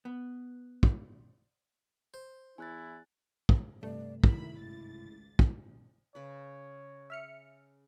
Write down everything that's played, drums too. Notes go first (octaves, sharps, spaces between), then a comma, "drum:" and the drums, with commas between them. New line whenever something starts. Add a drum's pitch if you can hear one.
B3
drum: kick
C5
E2 E4 G#5 F#6 A6
drum: kick
G2 C3 A3 D5
D#3 E4 E5 B5, drum: kick
G#1 C#2 A6
drum: kick
C#3 B4 C#5
E5 F6 C#7